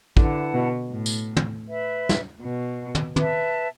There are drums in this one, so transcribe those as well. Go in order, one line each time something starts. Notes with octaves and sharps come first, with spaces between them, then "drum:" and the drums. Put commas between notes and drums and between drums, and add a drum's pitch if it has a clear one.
D3 E4 B4 F#5 A5, drum: kick
B2
A2
drum: tambourine
drum: tom
B4 E5 B5
drum: snare
B2
drum: tom
B4 E5 A5, drum: tom